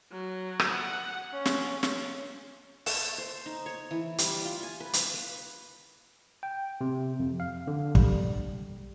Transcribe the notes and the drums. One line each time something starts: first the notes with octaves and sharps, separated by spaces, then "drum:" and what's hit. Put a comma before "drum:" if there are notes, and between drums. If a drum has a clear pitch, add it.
F#3
drum: rim click
F#5
C#4
drum: snare
drum: snare
A4, drum: open hi-hat
C5
D#4
C#5
E3
G3, drum: hi-hat
F4
G#5
B4
B5, drum: hi-hat
B4
G5
C3
F2
F5
D3
G3, drum: kick